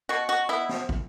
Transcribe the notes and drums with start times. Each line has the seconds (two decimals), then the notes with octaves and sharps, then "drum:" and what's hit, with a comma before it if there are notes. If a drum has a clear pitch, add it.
0.09 B2 F#4
0.29 F#4
0.49 B3 E4
0.69 drum: snare
0.89 drum: kick